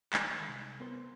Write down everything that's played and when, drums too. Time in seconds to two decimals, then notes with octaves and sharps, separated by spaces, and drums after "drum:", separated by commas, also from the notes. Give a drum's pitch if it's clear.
0.13 D#3 G#3, drum: clap
0.49 C2
0.80 B3 A#4 C5